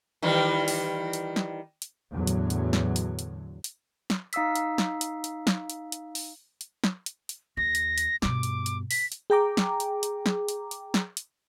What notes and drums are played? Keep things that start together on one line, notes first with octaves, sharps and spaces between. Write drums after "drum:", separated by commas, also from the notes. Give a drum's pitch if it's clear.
D#3 E3 G3
drum: open hi-hat
drum: hi-hat
drum: snare
drum: hi-hat
E2 A2 D3 F#3
drum: hi-hat
drum: hi-hat
drum: snare
drum: hi-hat
drum: hi-hat
drum: hi-hat
drum: snare
D#4 F5 D#6 E6 B6, drum: hi-hat
drum: hi-hat
drum: snare
drum: hi-hat
drum: hi-hat
drum: snare
drum: hi-hat
drum: hi-hat
drum: open hi-hat
drum: hi-hat
drum: snare
drum: hi-hat
drum: hi-hat
D#2 A#6
drum: hi-hat
drum: hi-hat
G2 B2 D6, drum: snare
drum: hi-hat
drum: hi-hat
B6, drum: open hi-hat
drum: hi-hat
G#4 G5 A#5 D6
drum: snare
drum: hi-hat
drum: hi-hat
drum: snare
drum: hi-hat
drum: hi-hat
drum: snare
drum: hi-hat